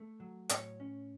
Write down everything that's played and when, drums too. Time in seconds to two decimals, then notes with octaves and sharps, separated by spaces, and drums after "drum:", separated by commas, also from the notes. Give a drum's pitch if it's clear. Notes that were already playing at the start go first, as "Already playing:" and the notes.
Already playing: A3
0.20 F#3
0.49 A2 C#5, drum: hi-hat
0.80 C#4